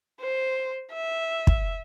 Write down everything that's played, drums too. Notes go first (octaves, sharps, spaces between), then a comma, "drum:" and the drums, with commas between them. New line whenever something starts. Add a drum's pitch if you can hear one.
C5
E5
drum: kick